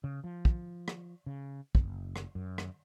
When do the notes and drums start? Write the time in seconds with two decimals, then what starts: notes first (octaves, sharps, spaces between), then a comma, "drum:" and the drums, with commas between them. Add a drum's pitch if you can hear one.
0.04 C#3
0.24 F3
0.45 drum: kick
0.88 drum: rim click
1.26 C#3
1.75 F#1, drum: kick
2.16 drum: rim click
2.35 F#2
2.58 drum: rim click